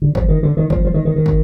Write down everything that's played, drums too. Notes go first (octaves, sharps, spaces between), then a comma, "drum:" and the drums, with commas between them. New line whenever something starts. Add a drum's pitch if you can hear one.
D3
F3, drum: kick
D#3
D3
D#3
F3, drum: kick
F3
D#3
D#3
D#3
drum: kick